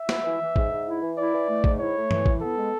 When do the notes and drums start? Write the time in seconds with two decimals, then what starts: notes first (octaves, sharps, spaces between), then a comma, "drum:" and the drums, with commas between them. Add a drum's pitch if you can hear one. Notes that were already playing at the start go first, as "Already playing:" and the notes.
Already playing: E5
0.09 E4, drum: snare
0.24 E3
0.40 E3
0.56 G#2, drum: kick
0.71 G#2
0.87 E4
1.02 E3
1.18 E4 D5
1.33 E3
1.48 A3
1.64 G#2, drum: kick
1.79 E4 C#5
1.96 A3
2.11 E3, drum: tom G2
2.26 E4, drum: kick
2.41 B3 A4
2.57 G#3